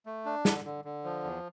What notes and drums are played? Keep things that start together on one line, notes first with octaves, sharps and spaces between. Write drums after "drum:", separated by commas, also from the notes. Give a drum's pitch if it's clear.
A3
D4
D3, drum: snare
D3
D3
F3
E2